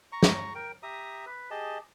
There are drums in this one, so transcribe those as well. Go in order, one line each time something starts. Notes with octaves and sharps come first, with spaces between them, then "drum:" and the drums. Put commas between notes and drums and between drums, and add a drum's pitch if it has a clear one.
A#5 C#6
drum: snare
A#4 G5
G4 E5 A#5 D#6
B4
G4 G#4 D#5 A5